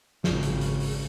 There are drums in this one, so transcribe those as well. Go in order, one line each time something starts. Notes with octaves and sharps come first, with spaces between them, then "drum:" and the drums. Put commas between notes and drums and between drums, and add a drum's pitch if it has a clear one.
G#1 C#3, drum: snare
drum: hi-hat
drum: hi-hat
drum: open hi-hat